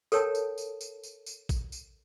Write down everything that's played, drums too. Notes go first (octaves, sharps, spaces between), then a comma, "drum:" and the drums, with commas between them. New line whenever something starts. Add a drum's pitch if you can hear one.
A4 A#4 C#5 G5 A5, drum: tambourine
drum: tambourine
drum: tambourine
drum: tambourine
drum: tambourine
drum: tambourine
drum: kick A1, tambourine
drum: tambourine